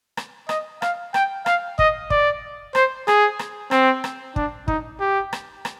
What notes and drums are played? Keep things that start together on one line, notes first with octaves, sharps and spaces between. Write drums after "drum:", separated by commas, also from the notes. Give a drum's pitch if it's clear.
drum: rim click
D#5, drum: rim click
F5, drum: rim click
G5, drum: rim click
F5, drum: rim click
D#5, drum: kick
D5, drum: kick
C5, drum: rim click
G#4, drum: rim click
drum: rim click
C4, drum: rim click
drum: rim click
D4, drum: kick
D#4, drum: kick
G4
drum: rim click
drum: rim click